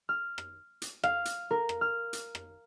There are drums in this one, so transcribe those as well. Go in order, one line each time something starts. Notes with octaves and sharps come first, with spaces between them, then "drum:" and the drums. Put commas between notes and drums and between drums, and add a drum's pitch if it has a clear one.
F6
drum: rim click
drum: hi-hat
F5, drum: rim click
drum: hi-hat
A#4
drum: rim click
F6
drum: hi-hat
drum: rim click